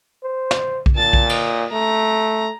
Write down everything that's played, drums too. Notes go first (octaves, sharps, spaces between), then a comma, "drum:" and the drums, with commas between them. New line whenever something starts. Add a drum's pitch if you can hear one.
C5
drum: snare
drum: kick B1
A#2 A5 A6
drum: kick B1
D#5, drum: cymbal
A3 A#5